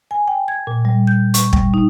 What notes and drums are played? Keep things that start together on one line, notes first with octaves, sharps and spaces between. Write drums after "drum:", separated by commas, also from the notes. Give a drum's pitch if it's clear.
G#5
G5
G#6
A#2
G3
G6
C#6, drum: hi-hat
G3, drum: kick
D#4